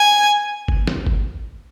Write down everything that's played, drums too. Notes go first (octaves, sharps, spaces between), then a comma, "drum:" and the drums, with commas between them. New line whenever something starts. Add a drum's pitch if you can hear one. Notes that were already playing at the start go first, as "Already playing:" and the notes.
Already playing: G#5
drum: kick G1
drum: snare
drum: kick G1